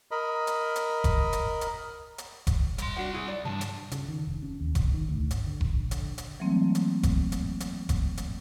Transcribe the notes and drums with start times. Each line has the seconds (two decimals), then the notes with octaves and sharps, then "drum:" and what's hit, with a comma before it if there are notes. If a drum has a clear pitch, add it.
0.11 A#4 D#5 B5
0.47 drum: hi-hat
0.76 drum: hi-hat
1.04 drum: kick F1, hi-hat
1.33 drum: hi-hat
1.61 drum: hi-hat
2.18 drum: hi-hat
2.47 drum: kick F1, hi-hat
2.78 G3 C6, drum: hi-hat
2.96 D4 F#4 F#5
3.13 E4 G#4
3.28 D5
3.45 D2 G2 A5
3.61 drum: hi-hat
3.91 C#3, drum: hi-hat
4.08 D#3
4.27 F1
4.43 C#4
4.61 D#2
4.75 B1, drum: kick F1, hi-hat
4.94 D#3
5.08 D2
5.31 G#1, drum: hi-hat
5.47 D3
5.61 drum: kick F1
5.73 A#1
5.91 D3, drum: hi-hat
6.18 drum: hi-hat
6.40 E3 F#3 G3 A3 A#3 C4
6.75 drum: hi-hat
7.03 drum: kick F1, hi-hat
7.32 drum: hi-hat
7.60 drum: hi-hat
7.89 drum: kick F1, hi-hat
8.17 drum: hi-hat